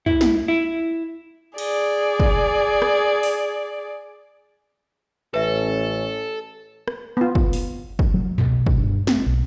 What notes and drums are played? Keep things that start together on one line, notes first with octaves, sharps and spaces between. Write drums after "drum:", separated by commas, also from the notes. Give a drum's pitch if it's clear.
E4, drum: tom
drum: snare
E4
G#4 D5, drum: cymbal
drum: kick
drum: rim click
drum: open hi-hat
A1 C#4 A4 B4 E5
drum: rim click
B3 F4
drum: kick
drum: open hi-hat
drum: kick
F#3
B2, drum: tom
drum: kick
G2
C4, drum: snare
B1